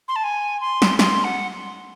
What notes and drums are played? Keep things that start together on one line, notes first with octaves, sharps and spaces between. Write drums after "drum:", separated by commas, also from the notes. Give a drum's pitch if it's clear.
C6
A5
G#5
C6
drum: snare
C6, drum: snare
F#5